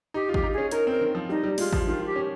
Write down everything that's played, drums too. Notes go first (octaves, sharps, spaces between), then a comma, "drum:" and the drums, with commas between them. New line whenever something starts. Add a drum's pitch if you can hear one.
D#4 G4
F4
G4, drum: kick G#1
D#4
C#4 G#4
D#4 A#4, drum: hi-hat
C4 A#4
D#3
F3
G3 D#4
G3
G#3 F4, drum: open hi-hat
F3, drum: kick G#1
D#3 F4
G4
C#4